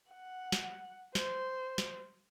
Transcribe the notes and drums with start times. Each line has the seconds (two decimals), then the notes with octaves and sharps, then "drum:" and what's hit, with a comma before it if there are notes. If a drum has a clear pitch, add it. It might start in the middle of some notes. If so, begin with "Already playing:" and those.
0.12 F#5
0.52 drum: snare
1.15 C5, drum: snare
1.78 drum: snare